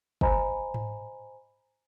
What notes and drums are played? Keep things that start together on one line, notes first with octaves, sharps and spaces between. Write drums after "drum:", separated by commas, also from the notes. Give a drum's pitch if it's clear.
C5 D#5 G#5 A#5 B5, drum: kick
drum: tom G#2